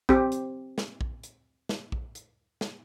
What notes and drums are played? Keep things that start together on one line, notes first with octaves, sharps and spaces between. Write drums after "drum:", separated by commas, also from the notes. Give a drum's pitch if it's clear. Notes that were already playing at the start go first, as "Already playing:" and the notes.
C4 G4, drum: kick A#1
drum: hi-hat
drum: snare
drum: kick A#1
drum: hi-hat
drum: snare
drum: kick A#1
drum: hi-hat
drum: snare